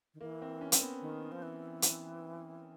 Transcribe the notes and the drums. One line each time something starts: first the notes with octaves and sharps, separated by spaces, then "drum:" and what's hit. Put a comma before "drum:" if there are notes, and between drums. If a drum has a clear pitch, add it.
D#3
E3 A#3
C4
C#4
C4, drum: hi-hat
B3
D#3
F3
E3
drum: hi-hat